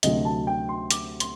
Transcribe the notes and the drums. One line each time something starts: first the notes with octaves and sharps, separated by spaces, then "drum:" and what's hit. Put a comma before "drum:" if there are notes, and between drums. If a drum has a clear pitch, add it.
D2 C3 F#3 D#5, drum: hi-hat
A5
G5
C6
D6, drum: hi-hat
C6, drum: hi-hat